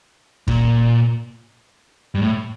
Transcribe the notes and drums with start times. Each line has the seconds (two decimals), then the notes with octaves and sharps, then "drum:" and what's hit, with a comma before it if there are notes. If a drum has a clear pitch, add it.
0.48 A#2, drum: kick
2.15 G2
2.22 A2